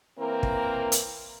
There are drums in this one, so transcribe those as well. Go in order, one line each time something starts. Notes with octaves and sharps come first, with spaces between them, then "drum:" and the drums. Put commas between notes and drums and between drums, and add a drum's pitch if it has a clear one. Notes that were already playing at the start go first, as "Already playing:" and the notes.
E3 A#3 C4 E4 A#4
drum: kick
drum: hi-hat